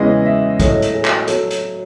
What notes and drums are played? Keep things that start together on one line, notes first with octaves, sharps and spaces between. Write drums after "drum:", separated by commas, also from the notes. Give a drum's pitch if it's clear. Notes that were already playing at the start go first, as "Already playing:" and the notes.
Already playing: E2 C#3 E3 G#3 D#5
E5
A2 F#3 A3 D#5, drum: kick, hi-hat
drum: hi-hat
G#4
drum: clap
F#3 A4, drum: hi-hat
drum: hi-hat